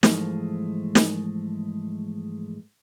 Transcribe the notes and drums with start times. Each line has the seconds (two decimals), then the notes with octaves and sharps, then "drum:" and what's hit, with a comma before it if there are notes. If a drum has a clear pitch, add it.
0.03 G#2 E3 F3 G#3 A3, drum: snare
0.95 drum: snare